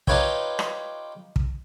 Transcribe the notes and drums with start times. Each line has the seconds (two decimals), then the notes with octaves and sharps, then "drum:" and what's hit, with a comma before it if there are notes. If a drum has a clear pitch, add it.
0.07 D#4 F4 G4 B4 C#5 G5, drum: kick
0.59 drum: rim click
1.36 drum: kick